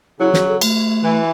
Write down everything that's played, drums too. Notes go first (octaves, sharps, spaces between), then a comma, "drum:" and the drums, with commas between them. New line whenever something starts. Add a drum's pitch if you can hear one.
C#3 F#3 E4
F#4, drum: snare
A4
A3, drum: cymbal
E3